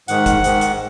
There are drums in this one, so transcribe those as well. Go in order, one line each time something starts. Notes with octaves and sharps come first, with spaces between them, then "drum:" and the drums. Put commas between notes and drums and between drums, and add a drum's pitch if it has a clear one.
G#2 D#3 F#5, drum: hi-hat
drum: kick, hi-hat
G#2 D#3, drum: hi-hat
drum: hi-hat